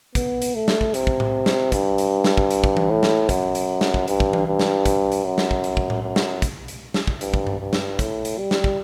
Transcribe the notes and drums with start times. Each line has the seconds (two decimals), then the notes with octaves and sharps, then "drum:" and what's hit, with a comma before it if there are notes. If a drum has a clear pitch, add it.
0.15 B3, drum: kick, hi-hat
0.42 drum: hi-hat
0.55 A3
0.68 drum: snare
0.81 drum: kick
0.94 C3, drum: hi-hat
1.07 drum: kick
1.20 drum: tom A2
1.46 drum: snare
1.72 G2, drum: kick, hi-hat
1.98 drum: hi-hat
2.24 drum: snare
2.37 drum: kick
2.51 drum: hi-hat
2.64 drum: kick
2.77 drum: tom E3
2.90 A2
3.03 drum: snare
3.29 F#2, drum: kick, hi-hat
3.55 drum: hi-hat
3.81 drum: snare
3.94 drum: kick
4.08 G2, drum: hi-hat
4.20 drum: kick
4.33 drum: tom E3
4.47 G2
4.59 drum: snare
4.86 drum: kick, hi-hat
5.12 drum: hi-hat
5.25 F#2
5.38 drum: snare
5.51 drum: kick
5.64 drum: hi-hat
5.77 drum: kick
5.90 drum: tom A2
6.03 F#2
6.16 drum: snare
6.42 drum: kick, hi-hat
6.68 drum: hi-hat
6.94 drum: snare
7.07 drum: kick
7.21 G2, drum: hi-hat
7.34 drum: kick
7.47 drum: tom G2
7.60 G2
7.73 drum: snare
7.99 A2, drum: kick, hi-hat
8.25 drum: hi-hat
8.38 G3
8.51 drum: snare
8.64 drum: kick